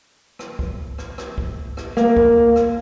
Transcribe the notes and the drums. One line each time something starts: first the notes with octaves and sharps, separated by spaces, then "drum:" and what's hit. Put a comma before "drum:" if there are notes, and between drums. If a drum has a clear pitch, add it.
drum: rim click
drum: kick
drum: rim click
drum: rim click
drum: kick
drum: rim click
A#3, drum: rim click
drum: kick
drum: rim click